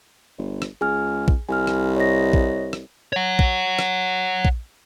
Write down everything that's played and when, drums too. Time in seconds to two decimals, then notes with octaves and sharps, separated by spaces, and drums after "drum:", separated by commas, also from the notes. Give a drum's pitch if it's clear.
0.38 G1
0.62 drum: rim click
0.81 C#2 G#4 G#5 F6
1.28 drum: kick A#1
1.49 C2 G#5 F6
1.67 drum: rim click
1.96 C#5 D#5 A#6
2.33 drum: kick A#1
2.73 drum: rim click
3.13 C#5 F#5
3.39 drum: kick A#1
3.79 drum: rim click
4.45 drum: kick A#1